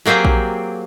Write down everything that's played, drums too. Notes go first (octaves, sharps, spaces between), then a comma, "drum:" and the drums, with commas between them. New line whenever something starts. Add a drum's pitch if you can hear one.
F#3 A#3 C4 G4 G#4
drum: kick A#1